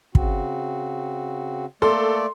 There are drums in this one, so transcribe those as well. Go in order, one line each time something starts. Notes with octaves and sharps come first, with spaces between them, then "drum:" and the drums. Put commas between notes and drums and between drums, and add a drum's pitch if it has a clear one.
C#3 C4 F#4, drum: kick
A3 A#3 A4 D5 C6